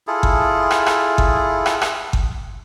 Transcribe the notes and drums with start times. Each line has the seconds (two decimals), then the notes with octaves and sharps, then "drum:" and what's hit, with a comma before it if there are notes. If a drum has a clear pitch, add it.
0.07 E4 F4 G#4 A4
0.23 drum: kick G1
0.71 drum: rim click
0.86 drum: rim click
1.18 drum: kick G1
1.66 drum: rim click
1.82 drum: rim click
2.13 drum: kick G1